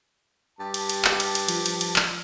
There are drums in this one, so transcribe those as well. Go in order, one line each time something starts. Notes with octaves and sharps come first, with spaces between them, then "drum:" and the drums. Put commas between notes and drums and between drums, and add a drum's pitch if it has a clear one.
G2 G4 A5
drum: cymbal
drum: cymbal
drum: clap
drum: cymbal
drum: cymbal
F3, drum: cymbal
drum: cymbal
drum: cymbal
drum: clap